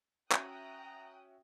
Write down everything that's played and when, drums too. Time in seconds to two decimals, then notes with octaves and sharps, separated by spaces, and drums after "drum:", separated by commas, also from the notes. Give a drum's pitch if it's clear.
0.32 C#4 F#4 E5 G5 A#5 D#6 F#6, drum: clap